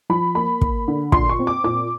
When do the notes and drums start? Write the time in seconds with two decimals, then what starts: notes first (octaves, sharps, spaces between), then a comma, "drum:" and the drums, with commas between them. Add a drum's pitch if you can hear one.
0.10 F3 B5
0.35 A#3 B5
0.61 A#3, drum: kick
0.88 D3
1.12 A#2 C6, drum: kick
1.29 C#6
1.39 C4
1.47 D6
1.64 A#2 D6